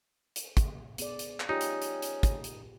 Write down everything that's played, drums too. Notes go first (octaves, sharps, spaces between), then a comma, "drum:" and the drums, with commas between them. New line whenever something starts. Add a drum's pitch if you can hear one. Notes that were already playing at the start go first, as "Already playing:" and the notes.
drum: hi-hat
drum: kick, hi-hat
B3 G#4 D5, drum: hi-hat
drum: hi-hat
drum: clap
C#4 D#4 F4 G4
drum: hi-hat
drum: hi-hat
drum: hi-hat
drum: kick, hi-hat
drum: hi-hat